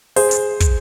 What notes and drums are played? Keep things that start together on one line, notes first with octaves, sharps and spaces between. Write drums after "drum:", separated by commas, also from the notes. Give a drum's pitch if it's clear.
G#4 C5, drum: open hi-hat
drum: hi-hat
drum: kick, hi-hat